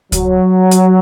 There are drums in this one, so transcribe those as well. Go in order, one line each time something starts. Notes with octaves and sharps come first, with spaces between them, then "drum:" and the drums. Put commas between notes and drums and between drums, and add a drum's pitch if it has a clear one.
F#3, drum: kick C#2, hi-hat
drum: hi-hat